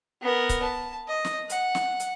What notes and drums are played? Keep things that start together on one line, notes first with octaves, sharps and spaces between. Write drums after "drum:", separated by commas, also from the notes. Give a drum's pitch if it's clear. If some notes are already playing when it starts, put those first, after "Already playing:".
B3 A#4
drum: kick C#1, hi-hat
A5
D#5
drum: snare
F#5, drum: hi-hat
drum: snare
drum: hi-hat